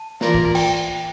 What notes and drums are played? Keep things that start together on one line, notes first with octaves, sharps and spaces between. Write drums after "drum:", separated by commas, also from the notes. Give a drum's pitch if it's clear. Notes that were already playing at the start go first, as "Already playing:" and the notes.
Already playing: A5
E3 A#3 F4 A#4 D5, drum: snare
drum: kick
G5, drum: cymbal